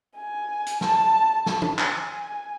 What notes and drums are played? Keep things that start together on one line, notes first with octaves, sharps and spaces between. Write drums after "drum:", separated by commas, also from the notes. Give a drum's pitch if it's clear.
G#5
drum: hi-hat
A5, drum: snare
A5, drum: snare
drum: tom
G#5, drum: clap